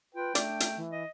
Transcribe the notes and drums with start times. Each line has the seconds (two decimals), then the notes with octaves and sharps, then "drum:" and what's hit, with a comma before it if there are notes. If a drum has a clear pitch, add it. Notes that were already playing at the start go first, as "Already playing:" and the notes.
0.15 F4 B4 G5
0.35 A3 D4 D5, drum: hi-hat
0.60 drum: hi-hat
0.77 E3
0.92 D#5